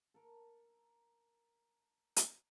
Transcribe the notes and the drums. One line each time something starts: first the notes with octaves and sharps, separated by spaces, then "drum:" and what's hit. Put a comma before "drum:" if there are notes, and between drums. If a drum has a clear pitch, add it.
A4 A#4
drum: hi-hat